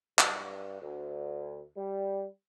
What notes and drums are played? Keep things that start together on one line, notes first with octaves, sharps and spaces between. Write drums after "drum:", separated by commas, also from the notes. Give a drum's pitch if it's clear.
G2, drum: clap
D2
G3